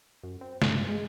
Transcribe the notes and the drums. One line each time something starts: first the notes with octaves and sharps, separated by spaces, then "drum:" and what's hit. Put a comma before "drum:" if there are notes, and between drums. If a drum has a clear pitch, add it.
F#2
C4
G2, drum: snare
G#3